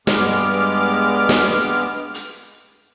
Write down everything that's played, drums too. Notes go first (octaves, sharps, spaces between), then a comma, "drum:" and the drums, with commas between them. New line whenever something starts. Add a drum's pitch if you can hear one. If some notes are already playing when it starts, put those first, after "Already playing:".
G2 G#3 B3 D6 F6, drum: snare
drum: snare
drum: hi-hat